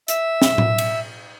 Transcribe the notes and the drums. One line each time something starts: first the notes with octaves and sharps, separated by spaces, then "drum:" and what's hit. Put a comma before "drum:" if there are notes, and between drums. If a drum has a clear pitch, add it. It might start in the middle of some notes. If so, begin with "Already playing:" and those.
E5, drum: hi-hat
drum: snare
drum: tom A2
drum: cymbal